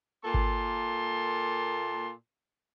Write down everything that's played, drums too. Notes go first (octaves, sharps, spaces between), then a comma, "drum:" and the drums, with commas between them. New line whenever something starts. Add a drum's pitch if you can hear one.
A#2 A#3 A4 C6
drum: kick G#1